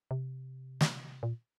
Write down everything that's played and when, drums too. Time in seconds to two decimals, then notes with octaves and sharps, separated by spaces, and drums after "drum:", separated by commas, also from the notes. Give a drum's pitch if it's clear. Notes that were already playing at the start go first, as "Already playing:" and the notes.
0.11 C3
0.81 drum: snare
1.23 A#2